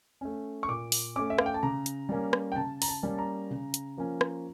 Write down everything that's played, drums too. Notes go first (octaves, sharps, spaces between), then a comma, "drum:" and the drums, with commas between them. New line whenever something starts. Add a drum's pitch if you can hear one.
A3 C#4
C#6
A#2 D6
drum: open hi-hat
A3 C#4 D6
E5
F5, drum: rim click
G5
A5
C#3 A#5
drum: hi-hat
G3 A#3 C#4
drum: rim click
G5
C#3 A5
A#5, drum: open hi-hat
A5
G3 A#3 C#4
A#5
C#3
drum: hi-hat
F3 A#3 C#4
drum: rim click